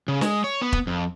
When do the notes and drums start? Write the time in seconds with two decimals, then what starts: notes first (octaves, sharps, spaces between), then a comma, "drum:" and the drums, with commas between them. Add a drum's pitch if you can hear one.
0.08 C#3
0.21 G#3, drum: snare
0.44 C#5
0.62 B3
0.73 drum: kick
0.87 F2